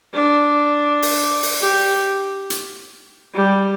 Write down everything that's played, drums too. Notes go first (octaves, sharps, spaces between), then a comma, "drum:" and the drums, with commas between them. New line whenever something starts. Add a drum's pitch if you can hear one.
D4
drum: open hi-hat
drum: open hi-hat
G4
drum: hi-hat
G3